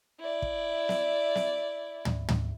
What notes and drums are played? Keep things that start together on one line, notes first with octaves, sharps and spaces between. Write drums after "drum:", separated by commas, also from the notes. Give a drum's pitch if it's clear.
E4 D5
drum: kick
drum: snare
drum: snare
drum: tom
drum: tom